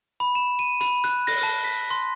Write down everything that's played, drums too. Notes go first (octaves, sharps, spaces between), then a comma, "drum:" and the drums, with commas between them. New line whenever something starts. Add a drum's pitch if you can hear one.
B5
E7
D#7
B5, drum: hi-hat
F#6, drum: hi-hat
A#6, drum: open hi-hat
A5
B6
C6